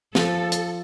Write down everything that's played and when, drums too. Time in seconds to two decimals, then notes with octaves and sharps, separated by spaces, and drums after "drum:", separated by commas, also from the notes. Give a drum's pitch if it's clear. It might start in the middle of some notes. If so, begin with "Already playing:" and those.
0.15 F3 A4, drum: snare
0.52 drum: hi-hat